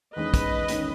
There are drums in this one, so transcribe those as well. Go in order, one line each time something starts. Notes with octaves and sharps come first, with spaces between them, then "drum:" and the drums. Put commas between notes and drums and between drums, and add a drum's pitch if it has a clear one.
E2 D#3 G#3 C#4 B4 D#5
drum: kick, hi-hat
D#3 G#3 C#4, drum: hi-hat